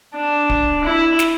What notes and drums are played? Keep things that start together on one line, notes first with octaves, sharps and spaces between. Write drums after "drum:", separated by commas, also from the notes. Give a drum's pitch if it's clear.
D4
drum: kick D1
E4
drum: snare